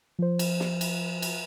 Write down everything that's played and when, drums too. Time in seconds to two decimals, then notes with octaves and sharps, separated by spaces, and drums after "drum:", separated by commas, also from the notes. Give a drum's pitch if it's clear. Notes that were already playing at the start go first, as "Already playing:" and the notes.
0.19 F3 C5
0.39 drum: cymbal
0.60 drum: snare
0.81 drum: cymbal
1.22 drum: cymbal